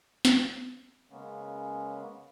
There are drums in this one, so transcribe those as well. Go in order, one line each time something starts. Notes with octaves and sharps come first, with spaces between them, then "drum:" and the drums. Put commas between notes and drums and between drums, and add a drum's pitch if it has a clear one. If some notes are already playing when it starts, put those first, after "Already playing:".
drum: snare
C#3 G#3 A#3 B3 C#4